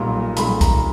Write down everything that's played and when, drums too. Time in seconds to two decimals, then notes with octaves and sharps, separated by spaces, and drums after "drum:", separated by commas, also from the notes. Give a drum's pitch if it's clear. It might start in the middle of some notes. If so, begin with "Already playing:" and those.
Already playing: B1 A#2 G3 A#5
0.37 B1 A#2 G3 B5, drum: hi-hat
0.61 A#5, drum: kick C2, hi-hat